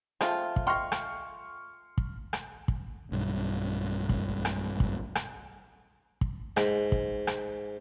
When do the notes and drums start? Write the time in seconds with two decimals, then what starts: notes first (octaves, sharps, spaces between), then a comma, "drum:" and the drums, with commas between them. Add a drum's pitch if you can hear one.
0.21 F3 A3 C4 F4 G#4, drum: rim click
0.56 drum: kick
0.67 D#5 G5 C6 C#6 F6
0.92 drum: rim click
1.98 drum: kick
2.33 drum: rim click
2.68 drum: kick
3.12 B1 G2
4.09 drum: kick
4.45 drum: rim click
4.80 drum: kick
5.15 drum: rim click
6.21 drum: kick
6.57 G#2, drum: rim click
6.92 drum: kick
7.27 drum: rim click